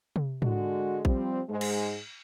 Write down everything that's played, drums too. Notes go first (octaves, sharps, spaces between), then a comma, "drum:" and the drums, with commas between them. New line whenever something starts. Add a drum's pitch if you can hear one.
drum: tom C3
D3 G#3 F#4, drum: tom G#2
F3 G3 C4, drum: kick A#1
G#2 G#3
drum: cymbal